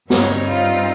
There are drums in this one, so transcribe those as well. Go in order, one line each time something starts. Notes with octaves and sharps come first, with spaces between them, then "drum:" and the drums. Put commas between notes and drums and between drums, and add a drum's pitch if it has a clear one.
G2 G3 C4 D#4 C#5, drum: snare
F4